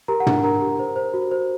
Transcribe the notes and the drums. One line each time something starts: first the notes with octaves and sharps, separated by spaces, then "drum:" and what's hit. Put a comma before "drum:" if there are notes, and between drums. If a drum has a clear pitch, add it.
G4 A#4 A#5
F#5
D4, drum: tom
D4 A#4 A#5
G4
C5
C5
F#4
C5